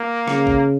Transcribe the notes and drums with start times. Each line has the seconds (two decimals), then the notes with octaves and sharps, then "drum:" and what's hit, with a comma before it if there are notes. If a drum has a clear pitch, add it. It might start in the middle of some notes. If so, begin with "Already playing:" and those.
Already playing: A#3
0.28 C#3, drum: rim click
0.47 drum: kick G#1